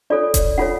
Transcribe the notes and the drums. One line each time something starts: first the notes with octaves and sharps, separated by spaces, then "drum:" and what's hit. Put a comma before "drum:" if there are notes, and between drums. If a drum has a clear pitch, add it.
D4 F4 A4 C#5 D5
drum: kick E1, hi-hat
D4 F4 A4 C#5 F#5